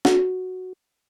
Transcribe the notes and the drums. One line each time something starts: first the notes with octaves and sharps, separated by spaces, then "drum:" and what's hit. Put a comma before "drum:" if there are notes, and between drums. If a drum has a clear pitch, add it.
F#4, drum: snare